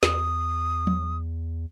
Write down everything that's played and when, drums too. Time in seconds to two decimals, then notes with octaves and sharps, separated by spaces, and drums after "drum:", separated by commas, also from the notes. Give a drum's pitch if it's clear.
0.03 E2 D#6, drum: snare
0.87 drum: tom F3